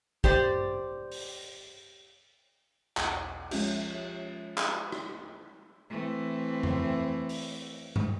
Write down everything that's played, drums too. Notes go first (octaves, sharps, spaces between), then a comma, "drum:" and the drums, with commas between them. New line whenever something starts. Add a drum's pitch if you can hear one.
G4 C5 D5, drum: kick
drum: open hi-hat
B1 E2 D#6, drum: clap
F3 G#3 C#4 F4 G4, drum: cymbal
drum: clap
drum: rim click
E3 A3 C4
drum: tom F2
drum: open hi-hat
drum: tom G2